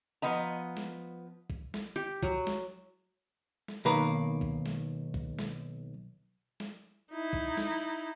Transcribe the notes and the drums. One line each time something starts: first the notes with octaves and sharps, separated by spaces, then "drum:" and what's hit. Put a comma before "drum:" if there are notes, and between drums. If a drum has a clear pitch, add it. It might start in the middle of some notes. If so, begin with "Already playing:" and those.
F3 B3 D#5 A#5
drum: snare
drum: kick
drum: snare
G4
F#3, drum: kick
drum: snare
drum: snare
B1 D#3 A#3 B4 A#5
drum: kick
drum: snare
drum: kick
drum: snare
drum: snare
D#4 E4
drum: kick
drum: snare